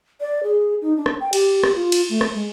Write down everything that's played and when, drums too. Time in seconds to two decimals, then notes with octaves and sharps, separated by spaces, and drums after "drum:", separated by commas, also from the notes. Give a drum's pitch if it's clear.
0.21 D5
0.43 G#4
0.82 D#4
0.97 D4
1.06 drum: rim click
1.20 G5
1.33 G4, drum: cymbal
1.63 drum: rim click
1.75 F4
1.92 drum: cymbal
2.09 A3
2.21 drum: rim click
2.34 G#3